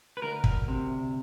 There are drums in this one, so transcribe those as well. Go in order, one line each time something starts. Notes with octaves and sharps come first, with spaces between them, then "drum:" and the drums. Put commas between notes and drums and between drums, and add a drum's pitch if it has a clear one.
B4
D2 A#4
drum: kick
C3